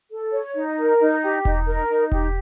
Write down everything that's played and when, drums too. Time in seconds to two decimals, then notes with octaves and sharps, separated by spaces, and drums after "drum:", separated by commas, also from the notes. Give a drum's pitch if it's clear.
0.11 A4
0.33 C#5
0.56 D#4
0.79 A#4
1.00 D#4
1.23 G4
1.45 D#4, drum: kick E1
1.67 A#4
1.90 D#4
2.12 G4, drum: kick E1